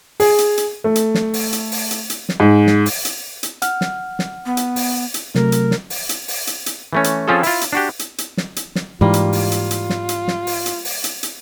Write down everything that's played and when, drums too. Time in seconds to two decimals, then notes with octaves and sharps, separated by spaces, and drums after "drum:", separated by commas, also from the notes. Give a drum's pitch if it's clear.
0.20 G#4, drum: open hi-hat
0.38 drum: hi-hat
0.57 drum: hi-hat
0.84 A3
0.96 drum: hi-hat
1.15 drum: snare
1.34 drum: open hi-hat
1.53 drum: hi-hat
1.72 drum: open hi-hat
1.91 drum: hi-hat
2.10 drum: hi-hat
2.29 drum: snare
2.40 G#2
2.67 drum: snare
2.86 drum: open hi-hat
3.05 drum: hi-hat
3.43 drum: hi-hat
3.62 F#5 F6, drum: hi-hat
3.81 drum: snare
4.19 drum: snare
4.46 B3
4.57 drum: hi-hat
4.76 drum: open hi-hat
5.14 drum: hi-hat
5.35 C3 F#3 A3 A#4, drum: snare
5.52 drum: hi-hat
5.71 drum: snare
5.90 drum: open hi-hat
6.09 drum: hi-hat
6.28 drum: open hi-hat
6.47 drum: hi-hat
6.66 drum: hi-hat
6.93 E3 A3 C#4
7.04 drum: hi-hat
7.28 F3 C4 C#4 F4 G#4 A4
7.43 E4 F4, drum: open hi-hat
7.61 drum: hi-hat
7.72 D4 F#4 G4
7.99 drum: hi-hat
8.18 drum: hi-hat
8.37 drum: snare
8.56 drum: hi-hat
8.75 drum: snare
9.01 G#2 E3 G3 A#3 F4
9.14 drum: hi-hat
9.33 drum: open hi-hat
9.52 drum: hi-hat
9.71 drum: hi-hat
9.90 drum: snare
10.09 drum: hi-hat
10.28 drum: snare
10.47 drum: open hi-hat
10.66 drum: hi-hat
10.85 drum: open hi-hat
11.04 drum: hi-hat
11.23 drum: hi-hat